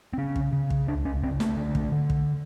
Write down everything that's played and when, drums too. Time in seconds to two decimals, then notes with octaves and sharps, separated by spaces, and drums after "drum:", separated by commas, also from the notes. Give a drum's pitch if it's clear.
0.13 C4
0.18 C#3 C#4
0.36 drum: kick
0.53 C#3
0.70 drum: kick
0.88 C#2 D4
1.05 C#4
1.23 C#2 C4
1.40 A3, drum: snare
1.57 D3
1.75 drum: kick
1.92 D3
2.10 drum: kick